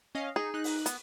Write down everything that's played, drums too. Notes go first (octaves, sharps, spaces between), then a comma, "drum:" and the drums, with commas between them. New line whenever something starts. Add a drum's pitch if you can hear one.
C#4 D#5 F5
D#4 G#4
D#4 F#6
drum: open hi-hat
B3, drum: hi-hat